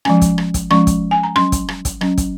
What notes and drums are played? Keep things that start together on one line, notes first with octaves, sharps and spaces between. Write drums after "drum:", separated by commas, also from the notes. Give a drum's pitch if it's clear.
F3 G#3 C#4 G#5, drum: rim click
drum: kick, hi-hat
drum: rim click
drum: kick, hi-hat
F3 G#3 C#4 C#6, drum: rim click
drum: kick, hi-hat
G#5
A#5
F#3 C#4 C6, drum: rim click
drum: kick, hi-hat
drum: rim click
drum: kick, hi-hat
F#3 C#4, drum: rim click
drum: kick, hi-hat